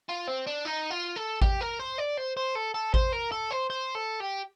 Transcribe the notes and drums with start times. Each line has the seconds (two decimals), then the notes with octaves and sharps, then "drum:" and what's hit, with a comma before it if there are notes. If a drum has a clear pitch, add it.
0.09 F4
0.27 C4
0.47 D4
0.65 D#4
0.91 F4
1.16 A4
1.42 G4, drum: kick G#1
1.61 A#4
1.80 C5
1.98 D5
2.18 C5
2.37 C5
2.55 A4
2.74 A4
2.94 C5, drum: kick G#1
3.13 A#4
3.32 A4
3.51 C5
3.70 C5
3.95 A4
4.20 G4